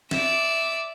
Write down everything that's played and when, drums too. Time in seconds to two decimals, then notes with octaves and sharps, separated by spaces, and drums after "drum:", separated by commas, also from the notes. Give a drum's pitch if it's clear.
0.11 D5 E5, drum: snare